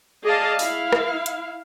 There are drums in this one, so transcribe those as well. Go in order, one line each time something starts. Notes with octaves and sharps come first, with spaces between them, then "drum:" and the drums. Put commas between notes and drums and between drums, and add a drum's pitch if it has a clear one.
G#4 D5 D#5 F5 A5
E4 F5, drum: open hi-hat
drum: rim click
drum: hi-hat